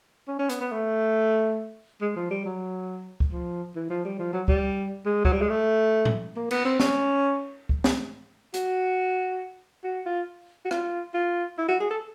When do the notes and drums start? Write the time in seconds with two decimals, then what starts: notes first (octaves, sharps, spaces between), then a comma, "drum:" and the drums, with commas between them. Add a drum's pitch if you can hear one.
0.28 C#4
0.39 C#4
0.49 B3, drum: hi-hat
0.61 B3
0.72 A3
2.01 G#3
2.16 F3
2.31 G3
2.45 F#3
3.20 drum: kick
3.32 F3
3.75 E3
3.90 F3
4.05 G3
4.19 F3
4.33 F#3
4.48 G3, drum: kick
5.05 G#3
5.25 F#3, drum: kick
5.33 G3
5.41 G#3
5.49 A3
6.05 drum: tom A2
6.36 A#3
6.51 B3, drum: cymbal
6.65 C4
6.80 C#4, drum: snare
7.69 drum: kick
7.84 drum: snare
8.54 F#4, drum: hi-hat
9.84 F#4
10.06 F4
10.65 F#4
10.71 F4, drum: rim click
11.14 F4
11.58 E4
11.69 F#4
11.80 G#4
11.90 A4